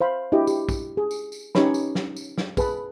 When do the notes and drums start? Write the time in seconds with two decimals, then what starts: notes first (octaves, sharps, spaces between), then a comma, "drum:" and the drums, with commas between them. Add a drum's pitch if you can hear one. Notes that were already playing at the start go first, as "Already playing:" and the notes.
0.01 C5 F5 B5
0.32 D4 E4 F#4 G4 D#5
0.47 G4, drum: tambourine
0.69 drum: kick, tambourine
0.97 G#4
1.11 drum: tambourine
1.32 drum: tambourine
1.55 C#4 D#4 G4 B4 C#5 B5, drum: snare
1.74 drum: tambourine
1.95 drum: snare
2.16 drum: tambourine
2.38 drum: snare
2.57 G#4 B4 A5 B5, drum: kick, tambourine